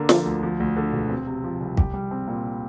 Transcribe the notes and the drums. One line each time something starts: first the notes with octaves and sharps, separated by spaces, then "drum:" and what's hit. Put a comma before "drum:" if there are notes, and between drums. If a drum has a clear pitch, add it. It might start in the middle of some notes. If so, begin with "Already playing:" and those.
Already playing: D3 A#3
F3, drum: snare
D2
F3
D2
D3
E1
C4
C3
F3
C2
G4, drum: kick
G3
C4
A#2